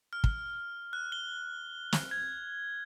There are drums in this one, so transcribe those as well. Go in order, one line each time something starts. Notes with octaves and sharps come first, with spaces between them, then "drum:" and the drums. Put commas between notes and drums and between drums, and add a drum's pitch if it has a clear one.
F6
drum: kick
F#6
G7
drum: snare
G#6